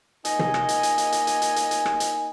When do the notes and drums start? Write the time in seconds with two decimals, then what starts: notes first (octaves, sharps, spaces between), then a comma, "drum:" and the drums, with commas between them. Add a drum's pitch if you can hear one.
0.25 A#3 D#4 D#5 G#5, drum: hi-hat
0.39 drum: tom
0.54 drum: rim click
0.69 drum: hi-hat
0.83 drum: hi-hat
0.98 drum: hi-hat
1.12 drum: hi-hat
1.27 drum: hi-hat
1.42 drum: hi-hat
1.56 drum: hi-hat
1.71 drum: hi-hat
1.86 drum: rim click
2.00 drum: hi-hat